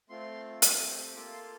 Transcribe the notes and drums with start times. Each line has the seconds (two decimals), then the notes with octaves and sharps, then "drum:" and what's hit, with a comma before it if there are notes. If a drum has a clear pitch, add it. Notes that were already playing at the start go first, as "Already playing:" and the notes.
0.09 A3 C4 F4 C6
0.62 A3 C4 G4, drum: hi-hat
1.15 A#3 F4 A4 D6
1.33 C6